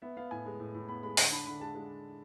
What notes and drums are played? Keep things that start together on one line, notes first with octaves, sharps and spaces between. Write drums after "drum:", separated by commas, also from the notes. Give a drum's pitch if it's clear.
B3 E5
B3 F5
A2 G#5
G#3
A2
A2
B3 B5
G#3 B5
D3, drum: open hi-hat
D4 B5
D3 B5
G#3 A5
G#3